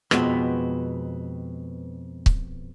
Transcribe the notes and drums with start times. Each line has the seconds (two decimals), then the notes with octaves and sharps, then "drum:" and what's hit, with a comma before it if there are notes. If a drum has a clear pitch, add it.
0.11 F2 B2 G#3 B3 C4, drum: rim click
2.26 drum: kick C#1